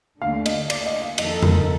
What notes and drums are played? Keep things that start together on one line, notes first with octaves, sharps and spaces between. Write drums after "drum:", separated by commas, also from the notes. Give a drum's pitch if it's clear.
D#2 D3 A3 D4 F5
D#5, drum: cymbal
D5, drum: cymbal
D#5
F5
F2 D#3 A#3 D#4 A4 D#5, drum: cymbal
A#4, drum: tom F2